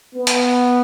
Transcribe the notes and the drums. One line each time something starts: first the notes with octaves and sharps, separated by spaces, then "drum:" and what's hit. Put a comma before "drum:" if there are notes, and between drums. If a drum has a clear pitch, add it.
B3
drum: hi-hat